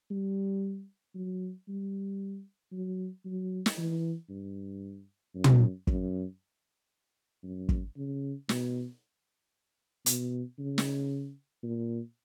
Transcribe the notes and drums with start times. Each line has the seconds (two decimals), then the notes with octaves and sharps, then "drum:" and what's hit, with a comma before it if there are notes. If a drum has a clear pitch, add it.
0.11 G3
1.15 F#3
1.68 G3
2.72 F#3
3.25 F#3
3.66 drum: snare
3.78 E3
4.29 G2
5.35 F#2
5.44 drum: tom
5.87 F#2, drum: kick
7.43 F#2
7.69 drum: kick
7.97 C#3
8.49 B2, drum: snare
10.06 B2, drum: hi-hat
10.58 C#3
10.78 drum: snare
11.63 A#2